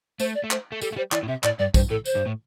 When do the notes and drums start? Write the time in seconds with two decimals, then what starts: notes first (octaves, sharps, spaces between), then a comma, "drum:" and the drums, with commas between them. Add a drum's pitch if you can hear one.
0.20 A3 C5, drum: tambourine
0.35 D5
0.44 A3
0.51 C5, drum: clap
0.72 A3
0.81 G3 A4, drum: tambourine
0.92 A3
0.96 G3 C5
1.12 E3 D5, drum: clap
1.23 A2
1.28 C3 E5
1.44 A2 D5, drum: clap
1.59 G2 D5
1.74 G2 C5, drum: kick, tambourine
1.90 A2 A4
2.06 C5, drum: tambourine
2.16 G2
2.27 A2